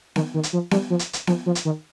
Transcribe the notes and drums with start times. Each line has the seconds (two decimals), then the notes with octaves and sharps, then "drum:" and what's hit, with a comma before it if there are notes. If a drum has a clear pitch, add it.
0.16 D#3, drum: snare B3
0.34 D#3
0.43 drum: hi-hat
0.53 F3
0.71 G3, drum: snare B3
0.90 F3
0.99 drum: hi-hat
1.13 drum: hi-hat
1.27 F3, drum: snare B3
1.46 F3
1.55 drum: hi-hat
1.65 D#3